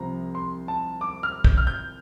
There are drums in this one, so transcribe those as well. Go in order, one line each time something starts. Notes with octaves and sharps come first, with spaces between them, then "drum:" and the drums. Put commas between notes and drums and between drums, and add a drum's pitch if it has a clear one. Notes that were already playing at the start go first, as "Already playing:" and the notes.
Already playing: C2 C3 F3 A#5
C6
A5
D6
F6
G6, drum: kick
F6
G6